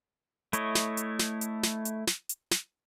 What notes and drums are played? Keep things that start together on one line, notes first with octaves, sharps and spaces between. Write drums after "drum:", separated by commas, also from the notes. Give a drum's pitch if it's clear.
A3 E4 C#5 D#5, drum: hi-hat
drum: snare
drum: hi-hat
drum: snare
drum: hi-hat
drum: snare
drum: hi-hat
drum: snare
drum: hi-hat
drum: snare